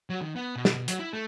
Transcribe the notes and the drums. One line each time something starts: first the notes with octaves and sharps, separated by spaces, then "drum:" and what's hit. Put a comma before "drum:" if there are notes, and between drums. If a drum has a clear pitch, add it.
F#3
D#3
B3
B2
drum: snare
B2
F#3, drum: hi-hat
E4
A3